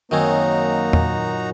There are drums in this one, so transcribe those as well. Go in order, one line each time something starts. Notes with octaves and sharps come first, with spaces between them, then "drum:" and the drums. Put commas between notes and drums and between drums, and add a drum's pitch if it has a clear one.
F#2 D#3 A#3 C4 D#4 F#4 G#5 A#5
A#2, drum: tom E2